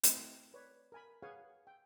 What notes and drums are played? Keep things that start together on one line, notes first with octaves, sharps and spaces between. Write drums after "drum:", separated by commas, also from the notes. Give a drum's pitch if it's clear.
A3 C4 E4 C5 D#5, drum: hi-hat
B4 C#5 D5
A#4 G#5 B5
G#4 B4 C#5 F5 F#5 G#5
G5